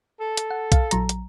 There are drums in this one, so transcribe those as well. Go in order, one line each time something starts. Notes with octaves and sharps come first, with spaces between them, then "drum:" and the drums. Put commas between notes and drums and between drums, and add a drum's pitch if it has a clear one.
A4
drum: hi-hat
F#5
F5, drum: kick, hi-hat
A#1 F#3 A#5, drum: hi-hat
drum: hi-hat